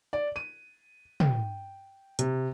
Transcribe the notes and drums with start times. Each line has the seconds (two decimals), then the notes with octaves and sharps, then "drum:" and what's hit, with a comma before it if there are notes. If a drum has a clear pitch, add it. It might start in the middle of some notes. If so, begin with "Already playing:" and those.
0.13 D5
0.36 D#7
1.20 G5, drum: tom
2.19 C3, drum: hi-hat